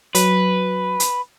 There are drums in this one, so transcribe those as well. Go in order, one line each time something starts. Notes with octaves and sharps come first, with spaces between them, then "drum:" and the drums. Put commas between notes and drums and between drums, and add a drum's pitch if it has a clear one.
F#3 B4, drum: hi-hat
drum: hi-hat